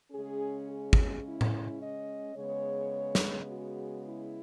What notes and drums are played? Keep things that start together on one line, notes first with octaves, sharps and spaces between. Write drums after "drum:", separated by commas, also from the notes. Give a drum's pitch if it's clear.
C#3 G#3 C#4 G#4
G#4
drum: kick
E4
drum: tom A2
D#5
C#3 G#3 B3 C#5
drum: snare
F#4
E4